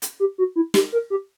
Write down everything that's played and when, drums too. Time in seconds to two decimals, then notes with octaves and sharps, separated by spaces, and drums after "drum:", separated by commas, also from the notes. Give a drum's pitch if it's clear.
0.02 drum: hi-hat
0.20 G4
0.38 F#4
0.56 E4
0.74 G4, drum: snare
0.92 A#4
1.10 G4